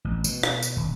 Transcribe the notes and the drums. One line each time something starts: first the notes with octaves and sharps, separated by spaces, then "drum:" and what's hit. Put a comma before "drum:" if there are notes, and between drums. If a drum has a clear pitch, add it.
A1
B2, drum: tambourine
drum: rim click
drum: tambourine
D#1